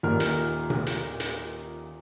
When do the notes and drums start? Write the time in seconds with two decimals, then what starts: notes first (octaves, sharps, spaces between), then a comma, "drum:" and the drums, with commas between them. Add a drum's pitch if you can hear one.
0.03 D#1 A#2 D#3 A#4 F6
0.20 drum: hi-hat
0.70 drum: tom A#2
0.87 drum: hi-hat
1.20 drum: hi-hat